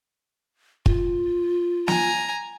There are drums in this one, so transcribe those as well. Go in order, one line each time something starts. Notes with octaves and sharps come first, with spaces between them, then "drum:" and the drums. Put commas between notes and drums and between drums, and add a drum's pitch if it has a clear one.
F4, drum: kick
G#5 A#5, drum: snare